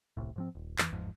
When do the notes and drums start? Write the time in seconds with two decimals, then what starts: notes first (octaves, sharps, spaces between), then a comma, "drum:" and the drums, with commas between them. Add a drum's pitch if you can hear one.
0.17 D#1 C2 A2
0.36 G#2 F3 C4
0.55 D#1
0.78 F2 E3, drum: clap
0.92 G1 E2 G#2 F3